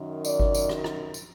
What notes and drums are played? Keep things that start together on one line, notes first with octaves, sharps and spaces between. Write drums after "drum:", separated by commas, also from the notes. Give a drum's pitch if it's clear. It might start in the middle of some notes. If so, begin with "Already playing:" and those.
Already playing: F#2 D#3
D5, drum: tambourine
drum: kick G1
drum: tambourine
drum: rim click
drum: rim click
drum: tambourine